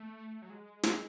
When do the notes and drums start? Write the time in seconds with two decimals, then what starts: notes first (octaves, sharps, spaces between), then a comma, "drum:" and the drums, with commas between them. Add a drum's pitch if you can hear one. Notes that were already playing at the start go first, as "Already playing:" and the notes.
Already playing: A3
0.42 F#3
0.50 G#3
0.83 drum: snare